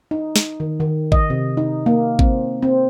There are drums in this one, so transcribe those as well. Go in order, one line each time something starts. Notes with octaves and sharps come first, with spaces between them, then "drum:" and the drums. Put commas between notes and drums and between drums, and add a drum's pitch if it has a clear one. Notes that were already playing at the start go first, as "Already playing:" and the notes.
D#4
drum: snare
D#3
D#3
D#5, drum: kick
C3
D#4
A#3
C4, drum: kick
C4